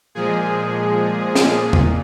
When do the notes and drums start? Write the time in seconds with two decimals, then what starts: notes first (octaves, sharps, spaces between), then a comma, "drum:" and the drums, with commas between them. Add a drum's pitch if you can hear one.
0.15 A#2 F3 G#3 G#4
1.35 drum: snare
1.73 A#2, drum: tom E2